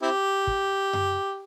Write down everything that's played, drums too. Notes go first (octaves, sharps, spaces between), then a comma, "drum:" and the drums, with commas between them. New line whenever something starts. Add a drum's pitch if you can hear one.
C4 E4 G4
drum: kick
drum: tom F#2